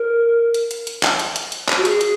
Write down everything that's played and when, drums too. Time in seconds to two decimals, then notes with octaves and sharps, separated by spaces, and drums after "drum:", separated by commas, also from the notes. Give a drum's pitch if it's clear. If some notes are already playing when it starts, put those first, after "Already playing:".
Already playing: A#4
0.54 drum: hi-hat
0.71 drum: hi-hat
0.87 drum: hi-hat
1.03 drum: clap
1.19 drum: hi-hat
1.36 drum: hi-hat
1.52 drum: hi-hat
1.68 drum: clap
1.77 F#4
1.85 G#4, drum: hi-hat
2.01 drum: hi-hat